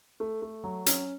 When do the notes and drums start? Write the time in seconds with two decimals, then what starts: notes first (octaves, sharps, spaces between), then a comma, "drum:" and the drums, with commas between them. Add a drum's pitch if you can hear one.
0.20 A3
0.42 A3
0.64 F#3
0.86 C#4, drum: hi-hat